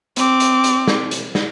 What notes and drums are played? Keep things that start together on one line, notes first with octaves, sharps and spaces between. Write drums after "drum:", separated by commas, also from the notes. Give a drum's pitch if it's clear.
C4 D6, drum: hi-hat
drum: hi-hat
drum: hi-hat
drum: snare
drum: hi-hat
drum: snare